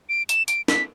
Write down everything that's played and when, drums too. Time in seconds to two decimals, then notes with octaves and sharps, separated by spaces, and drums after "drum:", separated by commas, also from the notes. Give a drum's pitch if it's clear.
0.09 D7
0.29 E7, drum: hi-hat
0.48 D7, drum: hi-hat
0.68 B6, drum: snare